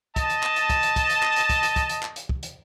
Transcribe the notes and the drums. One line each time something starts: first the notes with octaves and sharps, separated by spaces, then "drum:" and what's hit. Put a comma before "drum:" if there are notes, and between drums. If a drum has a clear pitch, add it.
D#5 A5, drum: kick, hi-hat
drum: hi-hat
drum: clap
drum: hi-hat
drum: kick, hi-hat
drum: hi-hat
drum: kick, hi-hat
drum: hi-hat
drum: clap
drum: hi-hat
drum: kick, hi-hat
drum: hi-hat
drum: kick, hi-hat
drum: hi-hat
drum: clap
drum: hi-hat
drum: kick
drum: hi-hat